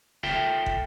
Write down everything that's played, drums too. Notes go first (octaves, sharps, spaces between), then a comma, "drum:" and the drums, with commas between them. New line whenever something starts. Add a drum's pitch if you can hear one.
F4 A4 E5 G5, drum: snare
drum: kick